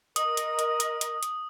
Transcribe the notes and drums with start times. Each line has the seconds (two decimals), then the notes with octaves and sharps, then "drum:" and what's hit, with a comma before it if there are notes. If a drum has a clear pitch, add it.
0.16 A#4 D#5 D#6, drum: hi-hat
0.37 drum: hi-hat
0.59 drum: hi-hat
0.80 drum: hi-hat
1.01 drum: hi-hat
1.23 drum: hi-hat